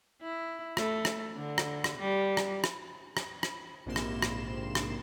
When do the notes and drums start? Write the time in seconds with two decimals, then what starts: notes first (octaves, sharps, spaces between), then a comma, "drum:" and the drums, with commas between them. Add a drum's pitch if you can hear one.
0.22 E4
0.77 A3, drum: rim click
1.05 drum: rim click
1.36 D3
1.58 drum: rim click
1.84 drum: rim click
1.98 G3
2.37 drum: rim click
2.64 drum: rim click
3.17 drum: rim click
3.43 drum: rim click
3.86 A#1 G#2 C3 A#3 C6 E7
3.96 drum: rim click
4.22 drum: rim click
4.75 drum: rim click